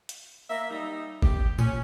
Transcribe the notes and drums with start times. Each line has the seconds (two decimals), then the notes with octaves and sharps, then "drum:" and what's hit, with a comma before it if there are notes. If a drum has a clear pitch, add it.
0.09 drum: hi-hat
0.50 A#3 E5
0.70 G3 D#4
1.22 G4, drum: kick G1
1.58 A#2 C#4, drum: tambourine